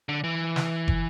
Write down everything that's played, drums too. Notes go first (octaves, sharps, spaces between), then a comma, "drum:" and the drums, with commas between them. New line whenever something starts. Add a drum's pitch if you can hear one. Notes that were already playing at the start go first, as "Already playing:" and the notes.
D3
E3
drum: snare
drum: kick